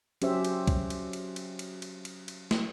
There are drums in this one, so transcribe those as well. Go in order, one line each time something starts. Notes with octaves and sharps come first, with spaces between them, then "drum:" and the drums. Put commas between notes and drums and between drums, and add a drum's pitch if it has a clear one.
F#3 C#4 G4 C5 E5, drum: cymbal
drum: cymbal
drum: kick, cymbal
drum: cymbal
drum: cymbal
drum: cymbal
drum: cymbal
drum: cymbal
drum: cymbal
drum: cymbal
drum: snare